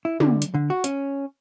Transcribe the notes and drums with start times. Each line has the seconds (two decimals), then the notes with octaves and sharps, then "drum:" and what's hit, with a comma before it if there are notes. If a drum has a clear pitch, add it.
0.05 E4
0.20 D3, drum: tom
0.42 drum: hi-hat
0.54 D3
0.70 F#4
0.84 C#4, drum: hi-hat